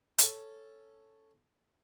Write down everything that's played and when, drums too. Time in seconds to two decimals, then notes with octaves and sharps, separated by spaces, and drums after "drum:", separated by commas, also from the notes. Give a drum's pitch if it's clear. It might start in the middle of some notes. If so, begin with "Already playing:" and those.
0.18 C#4 A4, drum: hi-hat